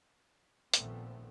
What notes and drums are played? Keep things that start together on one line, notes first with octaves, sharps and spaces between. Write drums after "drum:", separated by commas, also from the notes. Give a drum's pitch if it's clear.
A#1 A#2 D#3 A3 B3 C4, drum: hi-hat